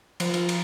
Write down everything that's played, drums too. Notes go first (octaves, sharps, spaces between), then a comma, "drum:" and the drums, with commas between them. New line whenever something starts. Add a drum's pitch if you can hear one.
F3, drum: cymbal
F3, drum: cymbal
drum: cymbal